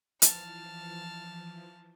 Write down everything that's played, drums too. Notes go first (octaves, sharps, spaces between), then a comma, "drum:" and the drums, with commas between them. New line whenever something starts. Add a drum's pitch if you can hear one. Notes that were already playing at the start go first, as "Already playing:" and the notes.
E3 F3 A5 F6, drum: hi-hat